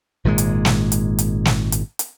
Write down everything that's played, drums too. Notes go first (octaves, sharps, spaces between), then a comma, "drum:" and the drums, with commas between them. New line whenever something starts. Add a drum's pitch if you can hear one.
G#1 A#2 D#3 G#3
drum: hi-hat
drum: snare
drum: hi-hat
drum: hi-hat
drum: snare
drum: hi-hat
drum: hi-hat